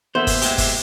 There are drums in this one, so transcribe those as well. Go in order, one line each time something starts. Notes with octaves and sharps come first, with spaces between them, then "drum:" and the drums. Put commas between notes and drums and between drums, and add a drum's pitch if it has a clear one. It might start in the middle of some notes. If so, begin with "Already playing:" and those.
E3 A#3 B3 A4 C5 E5
drum: kick F#1, open hi-hat
G#3 E4 G4, drum: hi-hat
E5, drum: kick F#1, open hi-hat